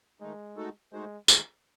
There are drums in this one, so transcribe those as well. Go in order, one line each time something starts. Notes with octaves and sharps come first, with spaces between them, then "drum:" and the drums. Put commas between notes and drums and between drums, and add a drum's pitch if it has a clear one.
D#3 G#3 A3 D#4
A3 D#4 F#4 A4
G#3 A3 D#4 F#4 C5
D#3 G#3 D#4 G#4, drum: tambourine